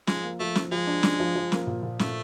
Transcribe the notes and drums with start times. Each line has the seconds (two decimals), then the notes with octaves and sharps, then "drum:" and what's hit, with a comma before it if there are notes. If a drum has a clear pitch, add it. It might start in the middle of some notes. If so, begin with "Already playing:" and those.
0.07 F3 G#3, drum: snare
0.23 A#3
0.40 F3 A3
0.55 F3, drum: snare
0.72 F3 G#3
0.87 D4
1.03 D4, drum: snare
1.20 F3
1.35 F3
1.52 A#3, drum: snare
1.67 A#2
1.83 A#2
1.99 A#2 A3, drum: snare